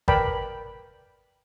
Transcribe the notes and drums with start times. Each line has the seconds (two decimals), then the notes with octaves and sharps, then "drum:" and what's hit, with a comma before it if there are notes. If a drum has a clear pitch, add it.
0.08 A#4 B4 D5 G5 A5 B5, drum: kick G#1